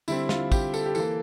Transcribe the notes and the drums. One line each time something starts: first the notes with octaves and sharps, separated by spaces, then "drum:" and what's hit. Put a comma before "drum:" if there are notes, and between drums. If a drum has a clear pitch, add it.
D3 G3 C4 E4, drum: tambourine
F4, drum: snare
G4, drum: kick, tambourine
A4, drum: tambourine
G4
E3 A#3 A4, drum: tambourine